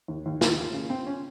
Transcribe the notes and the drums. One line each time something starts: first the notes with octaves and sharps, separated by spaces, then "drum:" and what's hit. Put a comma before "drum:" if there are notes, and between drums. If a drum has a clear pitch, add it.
D#2
D#2
F4, drum: snare
F4
C#3
C4
C#4